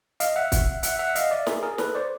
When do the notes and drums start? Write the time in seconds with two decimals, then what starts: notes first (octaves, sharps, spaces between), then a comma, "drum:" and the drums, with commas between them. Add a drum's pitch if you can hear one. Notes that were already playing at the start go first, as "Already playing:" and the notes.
0.20 D#5 F5, drum: hi-hat
0.36 E5 F#5
0.52 drum: kick, hi-hat
0.83 E5 F#5, drum: hi-hat
0.99 E5 F#5
1.15 D#5 F5, drum: hi-hat
1.31 D5 E5
1.47 G#4 A#4, drum: snare
1.63 G#4 A#4
1.78 A4 B4, drum: snare
1.95 C5 D5